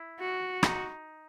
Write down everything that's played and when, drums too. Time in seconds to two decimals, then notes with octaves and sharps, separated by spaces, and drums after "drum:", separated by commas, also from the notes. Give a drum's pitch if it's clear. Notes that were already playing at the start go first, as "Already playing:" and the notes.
Already playing: E4
0.19 F#4
0.63 D#4, drum: rim click